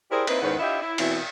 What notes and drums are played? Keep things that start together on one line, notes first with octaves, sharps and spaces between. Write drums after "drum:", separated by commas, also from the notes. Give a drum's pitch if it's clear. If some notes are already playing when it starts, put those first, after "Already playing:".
E4 G4 G#4 A#4 C5 D5
A#3 C4 D#4 E4 B4, drum: cymbal
E2 G#2 D#3 C#4 B4 F#5
D4 E4 F4 G4 D#5 E5
E4
B2 E3 C4 E4, drum: cymbal